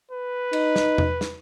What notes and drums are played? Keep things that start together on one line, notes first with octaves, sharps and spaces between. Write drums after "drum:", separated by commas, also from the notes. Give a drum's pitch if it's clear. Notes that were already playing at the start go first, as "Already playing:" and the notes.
B4
D#4, drum: cymbal
drum: snare
drum: tom E2
drum: snare